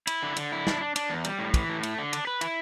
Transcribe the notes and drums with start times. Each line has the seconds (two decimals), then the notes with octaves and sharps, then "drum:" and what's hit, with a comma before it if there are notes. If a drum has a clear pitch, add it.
0.07 E4, drum: cymbal
0.23 D3
0.36 D3, drum: cymbal
0.52 E4
0.67 D4, drum: snare
0.81 D4
0.96 D4, drum: cymbal
1.10 E2
1.24 G3, drum: cymbal
1.39 A2
1.54 E3, drum: kick, cymbal
1.69 A2
1.83 A3, drum: cymbal
1.98 D3
2.13 D4, drum: cymbal
2.27 B4
2.41 E4, drum: cymbal